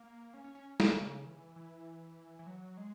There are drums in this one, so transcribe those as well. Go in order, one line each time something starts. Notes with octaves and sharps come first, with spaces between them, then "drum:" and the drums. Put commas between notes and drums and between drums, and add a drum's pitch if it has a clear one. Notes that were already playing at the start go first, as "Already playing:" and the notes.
Already playing: A#3
C#4
C#4
C#4
D#3, drum: snare
C#3
E3
E3
E3
F#3
G#3